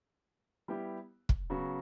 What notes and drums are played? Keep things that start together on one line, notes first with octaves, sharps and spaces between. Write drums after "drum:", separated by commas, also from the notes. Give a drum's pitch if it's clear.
G3 B3 E4 G4
drum: kick
C#3 F#3 B3 F#4